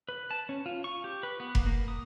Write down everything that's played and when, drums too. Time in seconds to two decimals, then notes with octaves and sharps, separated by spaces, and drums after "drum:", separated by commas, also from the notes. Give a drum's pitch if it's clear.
0.09 B4
0.31 A5
0.49 C#4
0.66 F4
0.84 C#6
1.04 G4
1.23 B4
1.40 B3
1.55 A#3, drum: kick F1
1.66 A#3
1.88 D#6